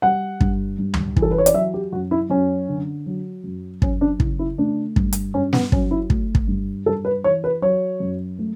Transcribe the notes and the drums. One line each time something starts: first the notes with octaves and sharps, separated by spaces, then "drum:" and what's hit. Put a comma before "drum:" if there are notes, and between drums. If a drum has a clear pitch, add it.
G3 F#5
G2, drum: kick
G2
drum: tom
E3, drum: kick
A4
B4
C#5
D5, drum: hi-hat
F#3 E5
G4
F#2 F#4
E4
F#2 C#4
D3
F#3
F#2
F#2 C#4, drum: kick
D4
C#3 E4, drum: kick
E4
A3 D4
G2, drum: kick
drum: hi-hat
G2 C#4
B3, drum: snare
F#3 C#4, drum: kick
E4
A3, drum: kick
drum: kick
G2
G2 A4
B4
E3 C#5
B4
F#3 C#5
F#2
A3